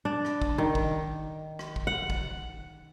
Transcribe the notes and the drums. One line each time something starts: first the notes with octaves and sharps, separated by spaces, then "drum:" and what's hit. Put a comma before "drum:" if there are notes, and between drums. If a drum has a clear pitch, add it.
D4
drum: rim click
drum: kick
D#3
drum: kick
drum: rim click
drum: kick
F#5
drum: kick